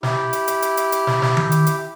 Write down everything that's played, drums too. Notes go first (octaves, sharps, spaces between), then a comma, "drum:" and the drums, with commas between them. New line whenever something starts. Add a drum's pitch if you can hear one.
E4 G4, drum: snare
drum: hi-hat
drum: hi-hat
drum: hi-hat
drum: hi-hat
drum: hi-hat
drum: snare
drum: snare
drum: tom D#3
drum: hi-hat
drum: hi-hat